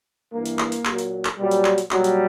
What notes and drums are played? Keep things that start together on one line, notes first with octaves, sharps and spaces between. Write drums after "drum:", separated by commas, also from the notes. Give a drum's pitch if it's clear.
G2 E3 A#3
drum: hi-hat
drum: clap
drum: hi-hat
A#2 F#3, drum: clap
drum: hi-hat
drum: clap
A#2 F#3 G3
drum: hi-hat
drum: clap
drum: hi-hat
A#2 F#3 G3, drum: clap
drum: hi-hat